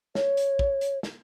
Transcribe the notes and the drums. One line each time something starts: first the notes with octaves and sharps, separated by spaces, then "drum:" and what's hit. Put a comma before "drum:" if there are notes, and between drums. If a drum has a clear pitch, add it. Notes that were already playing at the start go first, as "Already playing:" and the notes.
C#5, drum: snare
drum: hi-hat
drum: kick
drum: hi-hat
drum: snare